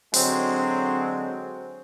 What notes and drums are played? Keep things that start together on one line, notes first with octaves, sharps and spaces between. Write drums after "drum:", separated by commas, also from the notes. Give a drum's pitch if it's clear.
D3 F#3 G#3 C4, drum: open hi-hat